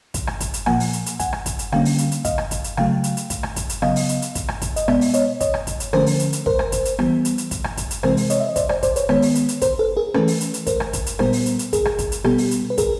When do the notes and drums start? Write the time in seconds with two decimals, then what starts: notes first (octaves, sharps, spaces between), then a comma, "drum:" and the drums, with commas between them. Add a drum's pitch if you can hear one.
0.14 drum: kick, hi-hat
0.27 drum: rim click
0.40 drum: kick, hi-hat
0.54 drum: hi-hat
0.66 A#2 F3 A#3 F#5 G#5, drum: rim click
0.80 drum: open hi-hat
0.93 drum: hi-hat
1.06 drum: hi-hat
1.20 F#5 G#5, drum: kick, hi-hat
1.33 drum: rim click
1.46 drum: kick, hi-hat
1.59 drum: hi-hat
1.72 D3 G3 A#3 C#4 F5 G5, drum: rim click
1.85 drum: open hi-hat
1.98 drum: hi-hat
2.12 drum: hi-hat
2.25 D#5 F5, drum: kick, hi-hat
2.38 drum: rim click
2.51 drum: kick, hi-hat
2.64 drum: hi-hat
2.77 C#3 F#3 A3 F5 G5, drum: rim click
3.04 drum: hi-hat
3.17 drum: hi-hat
3.30 drum: kick, hi-hat
3.43 drum: rim click
3.56 drum: kick, hi-hat
3.69 drum: hi-hat
3.82 C#3 F#3 B3 D#5 F5, drum: rim click
3.96 drum: open hi-hat
4.09 drum: hi-hat
4.22 drum: hi-hat
4.35 drum: kick, hi-hat
4.48 drum: rim click
4.62 drum: kick, hi-hat
4.76 D#5, drum: hi-hat
4.88 B2 G#3 B3 D5 E5, drum: rim click
5.01 drum: open hi-hat
5.14 C#5 D#5, drum: hi-hat
5.40 C#5 D#5, drum: kick, hi-hat
5.54 drum: rim click
5.67 drum: kick, hi-hat
5.80 drum: hi-hat
5.93 D3 F3 A3 C#4 A#4 C5, drum: rim click
6.06 drum: open hi-hat
6.20 drum: hi-hat
6.33 drum: hi-hat
6.46 A#4 C5, drum: kick
6.59 drum: rim click
6.72 drum: kick, hi-hat
6.85 drum: hi-hat
6.99 E3 G3 B3, drum: rim click
7.25 drum: hi-hat
7.38 drum: hi-hat
7.51 drum: kick, hi-hat
7.64 drum: rim click
7.77 drum: kick, hi-hat
7.91 drum: hi-hat
8.03 C3 E3 G#3 C4 A#4 C5, drum: rim click
8.17 drum: open hi-hat
8.30 C#5 D#5, drum: hi-hat
8.40 E5
8.49 D#5
8.56 C5 D5, drum: kick, hi-hat
8.69 C5 D5, drum: rim click
8.83 C5 D5, drum: kick, hi-hat
8.96 B4 C#5, drum: hi-hat
9.09 D#3 G#3 B3 B4 C#5, drum: rim click
9.22 drum: open hi-hat
9.35 drum: hi-hat
9.49 drum: hi-hat
9.62 A#4 C5, drum: kick, hi-hat
9.79 A4 B4
9.96 G#4 A#4
10.14 E3 A3 C#4 A4 B4, drum: rim click
10.27 drum: open hi-hat
10.41 drum: hi-hat
10.54 drum: hi-hat
10.67 A#4 C5, drum: kick, hi-hat
10.80 drum: rim click
10.93 drum: kick, hi-hat
11.06 drum: hi-hat
11.19 A#2 G3 B3 A#4 C5, drum: rim click
11.33 drum: open hi-hat
11.46 drum: hi-hat
11.59 drum: hi-hat
11.73 G#4 A#4, drum: kick, hi-hat
11.85 drum: rim click
11.99 drum: kick, hi-hat
12.12 drum: hi-hat
12.24 B2 G3 B3 G4 A4, drum: rim click
12.38 drum: open hi-hat
12.51 drum: hi-hat
12.70 B4
12.78 G#4 A#4, drum: kick, hi-hat